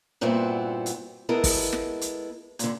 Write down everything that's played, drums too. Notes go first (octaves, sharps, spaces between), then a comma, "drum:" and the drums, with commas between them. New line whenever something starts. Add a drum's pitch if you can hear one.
G2 A#2 B3 C4 E4 F#4
drum: hi-hat
G#3 B3 E4 A4 A#4
drum: kick, open hi-hat
drum: snare
drum: hi-hat
A#2 D3, drum: hi-hat